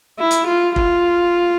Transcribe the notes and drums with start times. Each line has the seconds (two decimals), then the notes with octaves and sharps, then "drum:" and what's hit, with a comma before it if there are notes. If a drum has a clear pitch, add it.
0.19 E4
0.31 drum: hi-hat
0.48 F4
0.76 F4, drum: kick